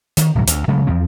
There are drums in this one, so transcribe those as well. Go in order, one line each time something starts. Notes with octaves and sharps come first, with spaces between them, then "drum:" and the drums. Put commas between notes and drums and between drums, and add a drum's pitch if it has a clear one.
D#3, drum: hi-hat
D1 B1 G#2 F#3
D2, drum: hi-hat
C#3 F#3 G#3 A3
E2 F3 C4